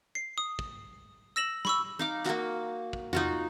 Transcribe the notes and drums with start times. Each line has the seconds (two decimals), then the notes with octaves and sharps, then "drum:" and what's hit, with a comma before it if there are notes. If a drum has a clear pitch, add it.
0.15 C7
0.38 D#6
0.59 drum: kick
1.36 E6 A#6 E7 F#7
1.65 B5 C#6 E6, drum: snare
1.99 D#4 F5 D6
2.26 A#3 F#4, drum: clap
2.93 drum: kick
3.13 D#4 F4 F#4, drum: tom